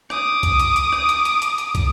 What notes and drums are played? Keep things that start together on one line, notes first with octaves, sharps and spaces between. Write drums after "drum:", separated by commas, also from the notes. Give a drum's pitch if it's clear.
D6 D#6, drum: rim click
drum: kick, hi-hat
drum: hi-hat
drum: hi-hat
drum: rim click
drum: hi-hat
drum: hi-hat
drum: hi-hat
drum: hi-hat
drum: kick, hi-hat